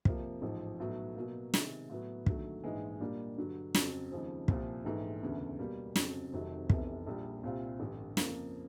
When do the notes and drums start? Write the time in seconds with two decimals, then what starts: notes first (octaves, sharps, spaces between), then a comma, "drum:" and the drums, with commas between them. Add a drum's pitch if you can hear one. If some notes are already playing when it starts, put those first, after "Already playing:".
0.05 F2 C3 F3 A#3, drum: kick
0.42 A1 G#2 F3
0.79 B1 A2 F#3 B3
1.16 B2 F#3 A#3
1.54 C3 D#3 G#3, drum: snare
1.90 A2 F#3 B3
2.26 D#2 D3 F#3 A3, drum: kick
2.64 A#1 G#2 E3 G#3
3.01 A#2 G3 A#3 D4
3.38 G2 D3 F#3
3.74 F2 C#3 F#3, drum: snare
4.11 D#2 C#3 F3 G#3 C4
4.48 C2 A#2 F3, drum: kick
4.85 A#1 G#2 E3 A3
5.22 E1 D2 C#3 E3
5.59 B2 G3 A#3
5.96 F1 F2 C#3 F#3, drum: snare
6.33 F1 F2 C3 D#3 F#3
6.70 F1 E2 C3 E3, drum: kick
7.07 A#1 A#2 G3
7.44 C2 A#2 G3 C4 F4
7.80 A1 G2 D3
8.17 F2 C#3 F3 A#3, drum: snare